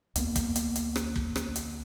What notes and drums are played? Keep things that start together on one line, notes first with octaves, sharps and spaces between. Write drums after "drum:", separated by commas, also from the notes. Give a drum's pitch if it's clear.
D2 A#3 B3, drum: hi-hat
drum: kick, hi-hat
drum: hi-hat
drum: hi-hat
drum: rim click
drum: kick
drum: rim click
drum: hi-hat